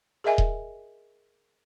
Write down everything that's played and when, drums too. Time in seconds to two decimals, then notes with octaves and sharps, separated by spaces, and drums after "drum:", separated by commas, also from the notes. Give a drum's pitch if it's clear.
0.24 G#4 A#4 D#5 E5 G#5
0.38 drum: kick D#1